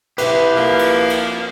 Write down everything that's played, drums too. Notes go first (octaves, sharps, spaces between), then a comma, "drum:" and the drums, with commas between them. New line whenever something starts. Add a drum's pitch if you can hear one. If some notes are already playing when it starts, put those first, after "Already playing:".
E4 G4 B4, drum: cymbal
F3 A#3
drum: cymbal
drum: cymbal